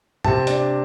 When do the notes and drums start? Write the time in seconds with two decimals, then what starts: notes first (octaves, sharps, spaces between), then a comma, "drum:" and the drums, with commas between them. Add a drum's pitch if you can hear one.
0.25 C3 A5, drum: tom
0.47 D4, drum: hi-hat